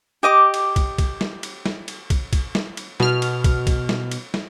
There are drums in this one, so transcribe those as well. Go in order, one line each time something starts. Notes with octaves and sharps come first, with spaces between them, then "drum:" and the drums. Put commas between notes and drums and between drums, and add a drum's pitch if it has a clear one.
G4 D#5 D6
drum: cymbal
drum: kick, cymbal
drum: kick, cymbal
drum: snare
drum: cymbal
drum: snare
drum: cymbal
drum: kick, cymbal
drum: kick, cymbal
drum: snare
drum: cymbal
B2 F6, drum: snare
drum: cymbal
drum: kick, cymbal
drum: kick, cymbal
drum: snare
drum: cymbal
drum: snare